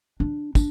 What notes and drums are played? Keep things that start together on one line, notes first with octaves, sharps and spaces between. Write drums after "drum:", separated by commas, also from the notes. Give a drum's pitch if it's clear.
D4
D4, drum: kick, tambourine